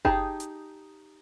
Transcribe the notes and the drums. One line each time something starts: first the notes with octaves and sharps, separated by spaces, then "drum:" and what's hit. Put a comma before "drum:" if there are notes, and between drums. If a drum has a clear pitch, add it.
D#4 G4 G#4 A5, drum: kick F#1
drum: hi-hat